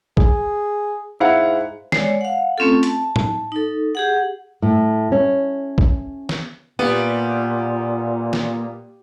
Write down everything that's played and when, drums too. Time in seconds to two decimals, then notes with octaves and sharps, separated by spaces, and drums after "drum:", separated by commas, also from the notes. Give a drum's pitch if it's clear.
0.17 G#4, drum: kick
1.20 G#2 E4 F5 F#5
1.92 G#3 C#5 D5, drum: snare
2.21 F5 F#5
2.58 A3 C4 C#4 F4 A4
2.83 A5, drum: hi-hat
3.16 drum: tom A2
3.52 D#4 A4
3.95 G4 G#4 F#5
4.62 A2
5.12 C#4
5.78 drum: kick
6.29 drum: snare
6.79 A#2 G3 A#3 B3
8.33 drum: snare